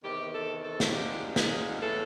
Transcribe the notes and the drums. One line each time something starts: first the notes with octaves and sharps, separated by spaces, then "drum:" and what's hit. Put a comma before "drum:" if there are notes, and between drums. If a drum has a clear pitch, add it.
E2 C3 D#3 G4
A4
A4
drum: snare
F#2 D3 F3 G#3 G4
G#4, drum: snare
A2 E3 G#3 A4